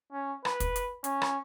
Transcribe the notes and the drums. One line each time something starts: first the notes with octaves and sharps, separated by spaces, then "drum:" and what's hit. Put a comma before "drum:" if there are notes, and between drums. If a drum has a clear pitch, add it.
C#4
B4, drum: rim click
drum: kick, hi-hat
drum: hi-hat
C#4, drum: hi-hat
drum: rim click